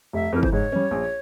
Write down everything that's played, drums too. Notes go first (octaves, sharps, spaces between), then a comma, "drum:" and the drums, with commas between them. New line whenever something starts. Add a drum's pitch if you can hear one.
F1 E5
F2 E3 A#4
C5, drum: kick
G#2 C#5
G3 C#4
A#1